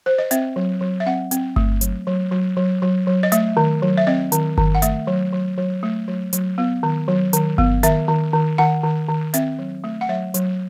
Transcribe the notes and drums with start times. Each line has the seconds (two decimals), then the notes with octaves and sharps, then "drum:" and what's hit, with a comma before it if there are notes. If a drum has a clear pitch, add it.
0.06 C5
0.18 D#5
0.31 C4 E5, drum: hi-hat
0.56 F#3
0.81 F#3
1.00 E5
1.06 C4 F#5
1.31 C4, drum: hi-hat
1.56 A3, drum: kick G1
1.81 F#3, drum: hi-hat
2.07 F#3
2.31 F#3
2.57 F#3
2.82 F#3
3.07 F#3
3.23 D#5
3.32 A3 E5, drum: hi-hat
3.57 D#3
3.82 F#3
3.98 E5
4.07 C4 D#5
4.32 D#3, drum: hi-hat
4.58 D#3, drum: kick G1
4.75 F#5
4.82 A3 E5, drum: hi-hat
5.07 F#3
5.33 F#3
5.58 F#3
5.83 A3
6.08 F#3
6.33 F#3, drum: hi-hat
6.58 B3
6.83 D#3
7.08 F#3
7.33 D#3, drum: hi-hat
7.58 B3, drum: kick G1
7.83 D#3 E5, drum: hi-hat
8.08 D#3
8.33 D#3
8.58 D#3 F#5
8.83 D#3
9.09 D#3
9.34 C4 E5, drum: hi-hat
9.59 F#3
9.84 A3
10.01 F#5
10.09 F#3 E5
10.34 F#3, drum: hi-hat